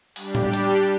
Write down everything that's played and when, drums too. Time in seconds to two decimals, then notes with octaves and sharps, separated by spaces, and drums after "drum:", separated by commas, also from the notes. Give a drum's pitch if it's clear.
0.16 G3 D4 G4, drum: open hi-hat
0.35 drum: tom A2
0.53 drum: hi-hat